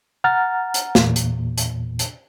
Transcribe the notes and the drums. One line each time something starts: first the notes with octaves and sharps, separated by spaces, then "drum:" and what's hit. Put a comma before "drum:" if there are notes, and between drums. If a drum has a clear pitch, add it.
F#5 A#5 F6 A6
drum: hi-hat
E2 A#2, drum: snare
drum: hi-hat
drum: hi-hat
drum: hi-hat